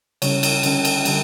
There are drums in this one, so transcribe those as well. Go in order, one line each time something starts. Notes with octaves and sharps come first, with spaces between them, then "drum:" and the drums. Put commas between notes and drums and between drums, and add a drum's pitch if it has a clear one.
C#3 G3 C#4 C#5, drum: cymbal
drum: cymbal
D3 G3 C#4, drum: cymbal
drum: cymbal
D3 G3, drum: cymbal